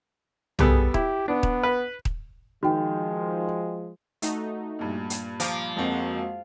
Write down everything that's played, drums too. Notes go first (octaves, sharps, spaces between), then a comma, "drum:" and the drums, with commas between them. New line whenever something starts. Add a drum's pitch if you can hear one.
G3 B3 G#4 A4, drum: tom B1
E4 G4, drum: kick D#1
B3 D4
drum: kick D#1
B4
drum: kick D#1
D#3 F3 G#3 F#4 G5
A3 D#4 F#4, drum: hi-hat
G2 A#2
drum: hi-hat
F3 A#5 D6, drum: hi-hat
F2 G#3 A#3 C4 F#4